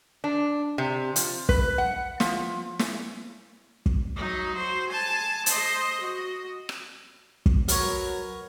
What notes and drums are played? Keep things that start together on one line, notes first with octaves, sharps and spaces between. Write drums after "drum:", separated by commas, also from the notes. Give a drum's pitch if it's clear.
D4
C3
F3, drum: hi-hat
B4, drum: kick
F#5
F3, drum: snare
drum: snare
drum: kick
F#3 D#4
F#4 C5
G#5 A5
C5 D#5, drum: hi-hat
F#4 D#5
drum: rim click
drum: kick
F#3 A#4 B4 C#5, drum: hi-hat